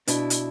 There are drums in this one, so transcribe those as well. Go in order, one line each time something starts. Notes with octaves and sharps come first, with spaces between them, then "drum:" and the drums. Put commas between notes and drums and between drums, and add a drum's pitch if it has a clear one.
B2 D4 E4, drum: hi-hat
drum: hi-hat